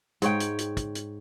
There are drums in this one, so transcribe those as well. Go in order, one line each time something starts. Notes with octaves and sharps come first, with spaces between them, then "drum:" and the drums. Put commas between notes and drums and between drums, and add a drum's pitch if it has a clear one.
G#2 C#5 G5, drum: hi-hat
drum: hi-hat
drum: hi-hat
drum: kick, hi-hat
drum: hi-hat